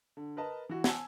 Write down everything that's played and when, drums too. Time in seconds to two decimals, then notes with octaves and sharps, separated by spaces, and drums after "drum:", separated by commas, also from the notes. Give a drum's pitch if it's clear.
0.17 D3
0.37 A#4 B4 D#5 A5
0.69 E3 F#4
0.84 G#5 A5 E6 G#6, drum: snare